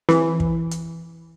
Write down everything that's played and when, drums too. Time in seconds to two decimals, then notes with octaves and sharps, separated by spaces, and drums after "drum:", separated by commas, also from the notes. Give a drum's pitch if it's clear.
0.09 E3, drum: snare C4
0.40 drum: kick
0.71 drum: hi-hat